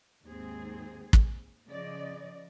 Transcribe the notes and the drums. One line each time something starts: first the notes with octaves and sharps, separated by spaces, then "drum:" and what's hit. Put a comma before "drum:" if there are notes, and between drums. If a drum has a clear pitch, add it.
D#2 G#2 C4 G#4
drum: kick
C#3 F3 D5 D#5